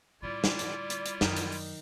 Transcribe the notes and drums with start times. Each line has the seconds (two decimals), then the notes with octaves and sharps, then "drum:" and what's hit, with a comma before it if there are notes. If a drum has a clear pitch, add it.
0.22 A2 D3 G3 E4 F4 D5
0.44 drum: snare
0.59 drum: hi-hat
0.90 drum: hi-hat
1.06 drum: hi-hat
1.21 F#2 D#3 D#4, drum: snare
1.37 drum: hi-hat
1.52 drum: open hi-hat